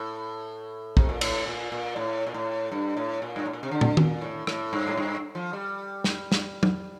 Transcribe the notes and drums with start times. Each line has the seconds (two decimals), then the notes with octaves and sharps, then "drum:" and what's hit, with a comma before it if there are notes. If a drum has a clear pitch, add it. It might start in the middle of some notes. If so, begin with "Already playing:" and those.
Already playing: A2
0.97 C3, drum: kick
1.09 A#2
1.21 A2, drum: cymbal
1.46 A#2
1.72 A#2
1.96 A2
2.27 A#2
2.34 A2
2.72 G2
2.97 A2
3.22 A#2
3.36 G2
3.45 A2
3.53 A#2
3.63 C3
3.71 D3
3.81 drum: tom
3.97 A#2, drum: tom D#3
4.21 A2
4.47 A2, drum: rim click
4.73 G2
4.87 A2
4.97 G2
5.35 F3
5.53 G3
6.04 drum: snare
6.32 drum: snare
6.63 drum: tom